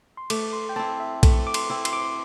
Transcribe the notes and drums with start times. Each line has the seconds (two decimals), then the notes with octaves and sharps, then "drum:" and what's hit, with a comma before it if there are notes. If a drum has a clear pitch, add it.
0.17 C6
0.30 A3 D6, drum: cymbal
0.53 C6
0.69 G5
0.76 C4 E4 A5
1.00 E5
1.23 A3, drum: kick B1, cymbal
1.47 D6
1.54 C6, drum: cymbal
1.70 C4 E4
1.85 C6, drum: cymbal
1.93 D6
2.01 C6